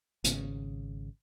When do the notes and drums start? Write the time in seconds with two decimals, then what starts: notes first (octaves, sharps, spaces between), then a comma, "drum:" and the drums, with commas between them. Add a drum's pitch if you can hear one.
0.24 G#1 C#3, drum: hi-hat